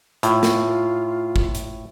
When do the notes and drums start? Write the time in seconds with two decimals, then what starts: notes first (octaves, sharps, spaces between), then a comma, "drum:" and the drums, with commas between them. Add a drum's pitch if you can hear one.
0.23 A2 F4, drum: hi-hat
0.43 drum: snare
1.36 drum: kick
1.55 drum: hi-hat